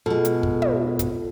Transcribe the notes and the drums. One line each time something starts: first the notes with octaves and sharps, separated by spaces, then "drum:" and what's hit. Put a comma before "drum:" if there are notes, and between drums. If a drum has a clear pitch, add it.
B2 G#3 F4 A4
drum: hi-hat
drum: kick
drum: tom
drum: kick, hi-hat